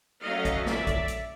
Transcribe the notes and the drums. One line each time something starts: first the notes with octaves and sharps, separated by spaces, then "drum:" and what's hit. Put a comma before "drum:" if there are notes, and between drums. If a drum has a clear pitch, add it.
F#3 A3 C#4 D#5 F5
drum: kick, hi-hat
D5 E5, drum: snare
drum: kick, hi-hat
drum: hi-hat